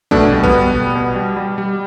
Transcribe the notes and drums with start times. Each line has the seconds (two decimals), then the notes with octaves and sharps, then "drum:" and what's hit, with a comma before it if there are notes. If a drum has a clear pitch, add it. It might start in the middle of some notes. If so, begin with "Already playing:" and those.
0.11 B2 A3 D4, drum: kick
0.32 G3
0.44 B3, drum: kick
0.53 G3
0.74 B2
0.95 B2
1.16 G3
1.37 G3
1.58 G3